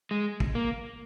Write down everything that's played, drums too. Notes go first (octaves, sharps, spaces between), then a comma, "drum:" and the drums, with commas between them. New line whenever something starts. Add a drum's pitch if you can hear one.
G#3
drum: kick
A#3